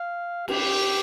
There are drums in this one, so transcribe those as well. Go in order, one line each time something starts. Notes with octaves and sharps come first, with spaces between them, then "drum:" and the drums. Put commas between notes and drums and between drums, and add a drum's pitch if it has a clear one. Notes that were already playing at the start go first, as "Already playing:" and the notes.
Already playing: F5
G4, drum: cymbal